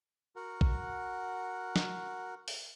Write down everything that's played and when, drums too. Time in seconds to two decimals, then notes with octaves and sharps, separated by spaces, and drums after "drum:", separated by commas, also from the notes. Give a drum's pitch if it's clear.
0.36 F#4 A#4 F#5
0.61 drum: kick A#1
1.76 drum: snare
2.48 drum: open hi-hat